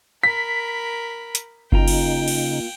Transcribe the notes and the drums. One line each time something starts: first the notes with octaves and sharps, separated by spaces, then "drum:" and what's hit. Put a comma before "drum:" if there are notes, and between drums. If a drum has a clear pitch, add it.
A#4 B5 B6
drum: hi-hat
C#3 A#3 D#4 F4 G5 A#5, drum: kick F#1
drum: cymbal
drum: cymbal